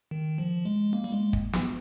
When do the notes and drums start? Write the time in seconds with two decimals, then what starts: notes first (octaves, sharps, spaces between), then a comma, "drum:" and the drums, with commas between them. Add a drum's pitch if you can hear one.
0.11 D#3
0.38 F3
0.65 G#3
0.93 A#3
1.04 G3
1.13 G#3
1.33 drum: kick
1.53 drum: snare